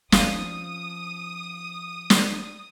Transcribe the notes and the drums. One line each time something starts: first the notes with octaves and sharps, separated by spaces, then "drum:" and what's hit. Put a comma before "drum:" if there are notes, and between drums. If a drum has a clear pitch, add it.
F3 C4 C#4 D#4 F5 D#6, drum: snare
drum: snare